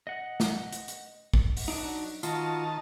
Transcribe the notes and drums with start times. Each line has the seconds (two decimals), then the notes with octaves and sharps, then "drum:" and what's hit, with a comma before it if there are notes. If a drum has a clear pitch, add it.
0.07 D#5 F#5
0.40 drum: snare
0.73 drum: hi-hat
0.88 drum: hi-hat
1.34 drum: kick
1.57 drum: open hi-hat
1.68 F#3 D4 D#4
2.23 D#3 F4 F#4 A5, drum: tambourine